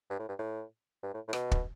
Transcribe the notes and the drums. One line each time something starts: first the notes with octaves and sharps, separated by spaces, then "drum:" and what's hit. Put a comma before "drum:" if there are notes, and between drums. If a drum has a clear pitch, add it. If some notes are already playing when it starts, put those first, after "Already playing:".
G2
A2
G2
A2
G2
A2
A2
B2, drum: rim click
drum: kick